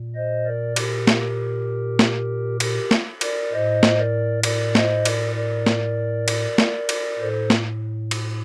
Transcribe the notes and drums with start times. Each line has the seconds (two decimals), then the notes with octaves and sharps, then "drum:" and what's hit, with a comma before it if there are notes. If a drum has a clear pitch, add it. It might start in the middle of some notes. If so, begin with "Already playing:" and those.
Already playing: A#2
0.15 C5 D#5
0.46 A#4 D5
0.76 G4 A#4, drum: cymbal
1.07 drum: snare
1.99 drum: snare
2.60 G4 A#4, drum: cymbal
2.91 drum: snare
3.21 A#4 D5, drum: cymbal
3.52 A2 C5 D#5
3.83 drum: snare
3.98 A#4 D5
4.43 A#4 D5, drum: cymbal
4.75 C5 D#5, drum: snare
5.05 A#4 D5, drum: cymbal
5.35 A#4 D5
5.66 drum: snare
6.28 drum: cymbal
6.58 drum: snare
6.89 drum: cymbal
7.19 A2 A4 C5
7.50 drum: snare
8.11 drum: cymbal